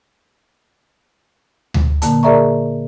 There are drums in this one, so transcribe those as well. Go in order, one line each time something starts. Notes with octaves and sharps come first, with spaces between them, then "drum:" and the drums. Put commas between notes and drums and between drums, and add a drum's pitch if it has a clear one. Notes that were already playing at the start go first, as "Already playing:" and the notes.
drum: tom D2
A#2 D3 A#3 A5, drum: hi-hat
G#4 A#4 D5 E5 A#5 C#6